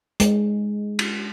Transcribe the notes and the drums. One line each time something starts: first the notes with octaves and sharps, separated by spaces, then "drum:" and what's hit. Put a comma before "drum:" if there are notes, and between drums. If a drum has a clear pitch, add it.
G#3, drum: hi-hat
drum: cymbal